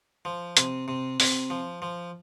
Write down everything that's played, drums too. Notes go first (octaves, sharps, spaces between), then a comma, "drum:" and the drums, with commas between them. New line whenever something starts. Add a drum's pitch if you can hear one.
F3
C3, drum: hi-hat
C3
C3, drum: open hi-hat
F3
F3